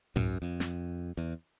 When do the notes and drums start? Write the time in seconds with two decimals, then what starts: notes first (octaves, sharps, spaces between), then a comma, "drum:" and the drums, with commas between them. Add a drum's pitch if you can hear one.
0.16 F#2, drum: tom G#2
0.42 F2
0.60 drum: snare
1.17 E2